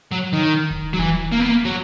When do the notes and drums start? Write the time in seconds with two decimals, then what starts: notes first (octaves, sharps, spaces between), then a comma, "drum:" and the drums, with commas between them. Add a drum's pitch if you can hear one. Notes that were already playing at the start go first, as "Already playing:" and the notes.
0.12 F#3
0.33 D#3
0.70 drum: kick D#1
0.93 F#3
0.99 E3, drum: kick D#1
1.32 A#3
1.40 B3
1.49 A#3
1.65 F#3